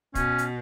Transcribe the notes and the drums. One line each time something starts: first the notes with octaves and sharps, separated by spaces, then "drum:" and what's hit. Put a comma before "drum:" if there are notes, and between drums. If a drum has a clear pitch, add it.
B2 C#4, drum: kick, hi-hat
drum: hi-hat